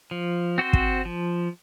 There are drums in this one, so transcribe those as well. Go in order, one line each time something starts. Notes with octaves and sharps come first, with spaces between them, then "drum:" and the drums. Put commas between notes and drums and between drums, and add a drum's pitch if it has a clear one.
F3
C4 F#4 C5
drum: kick
F3